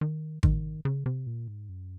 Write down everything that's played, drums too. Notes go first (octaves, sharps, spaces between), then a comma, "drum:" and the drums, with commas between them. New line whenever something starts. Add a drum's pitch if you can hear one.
D#3
D#3, drum: kick G#1
C#3
C3
A#2
G#2
F#2